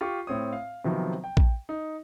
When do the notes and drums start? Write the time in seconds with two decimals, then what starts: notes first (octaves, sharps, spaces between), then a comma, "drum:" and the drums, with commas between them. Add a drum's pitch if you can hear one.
0.01 F4 G4 C#6
0.27 A2 C4 C#5 D#6
0.53 F5
0.84 C3 D#3 F3 F#3 B3
1.24 G5
1.37 drum: kick A#1
1.69 D#4